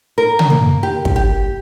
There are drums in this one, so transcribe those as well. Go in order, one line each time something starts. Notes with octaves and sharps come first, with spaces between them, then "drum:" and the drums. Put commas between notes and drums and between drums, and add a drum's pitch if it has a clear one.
A#4
drum: tom
A#3
G4
drum: kick
G4